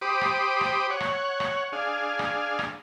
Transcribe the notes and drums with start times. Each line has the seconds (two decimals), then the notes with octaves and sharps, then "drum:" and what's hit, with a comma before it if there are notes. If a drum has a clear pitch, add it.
0.02 G4 C5 B5 D6 D#6
0.21 drum: rim click
0.61 drum: rim click
0.90 C#5 F#5
1.00 drum: rim click
1.40 drum: rim click
1.72 D4 G#4 F5
2.19 drum: rim click
2.59 drum: rim click